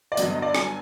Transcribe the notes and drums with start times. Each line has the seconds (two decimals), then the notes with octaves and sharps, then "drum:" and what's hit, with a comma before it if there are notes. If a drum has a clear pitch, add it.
0.12 D5
0.17 G2 D3 F#3 B3 D#5, drum: hi-hat
0.30 D#5
0.42 D5
0.55 G#5, drum: rim click